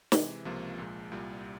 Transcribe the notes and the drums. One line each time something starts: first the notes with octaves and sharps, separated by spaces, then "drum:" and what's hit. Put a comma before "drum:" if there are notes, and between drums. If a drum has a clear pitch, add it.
C3 E3 G#3, drum: snare
C#2 C3 F3 A#3 F4
A#1 A#2 G#3
C2 A#2 G3